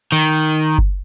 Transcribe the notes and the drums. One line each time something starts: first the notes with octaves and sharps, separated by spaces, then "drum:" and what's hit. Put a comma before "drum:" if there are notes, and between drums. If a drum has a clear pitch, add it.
D#3
drum: kick F#1